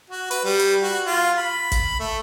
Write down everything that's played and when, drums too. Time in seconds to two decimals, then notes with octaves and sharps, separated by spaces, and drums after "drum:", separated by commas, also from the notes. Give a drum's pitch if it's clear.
0.10 F#4
0.31 B4, drum: hi-hat
0.44 G3
0.59 drum: hi-hat
0.83 F#4
1.06 F4
1.38 B5
1.72 drum: kick, hi-hat
2.00 A3